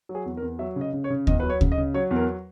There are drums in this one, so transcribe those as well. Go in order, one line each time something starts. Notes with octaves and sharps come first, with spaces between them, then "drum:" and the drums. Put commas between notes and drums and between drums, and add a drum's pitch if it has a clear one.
F#3
G#4
E2
A#4
E2
F#3 E5
C#3
D#5
C#3
C#5
C#3
E2 D#5, drum: kick D2
F#3 B4
C#5
C#3, drum: kick D2
D#5
C#3
F#3 C#5
E2
A#4